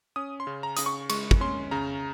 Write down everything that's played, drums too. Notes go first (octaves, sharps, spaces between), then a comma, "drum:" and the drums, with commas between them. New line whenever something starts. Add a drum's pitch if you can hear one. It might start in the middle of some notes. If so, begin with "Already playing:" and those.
C#4 D#6
C6
C#3
A#5
C#3 D#6, drum: hi-hat
C#6
G#3 C#6, drum: cymbal
drum: kick
C#4 C6
C#3 A#5